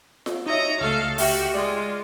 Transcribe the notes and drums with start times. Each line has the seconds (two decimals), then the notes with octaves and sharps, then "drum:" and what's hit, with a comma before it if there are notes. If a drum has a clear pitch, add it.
0.26 drum: snare F4
0.46 D#4 F#4 C#5 D#5 E5 A#5
0.81 C#2 A3 A4 F5
1.18 E4 F#4 G4 E5, drum: open hi-hat
1.54 G#3 F4 D5